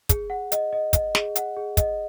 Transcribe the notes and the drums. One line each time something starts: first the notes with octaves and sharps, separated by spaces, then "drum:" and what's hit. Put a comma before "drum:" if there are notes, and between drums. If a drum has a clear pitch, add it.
G#4, drum: kick, hi-hat
F#5
D#5, drum: hi-hat
D#5
D#5, drum: kick, hi-hat
G#4, drum: snare
F#5, drum: hi-hat
G#4
D#5, drum: kick, hi-hat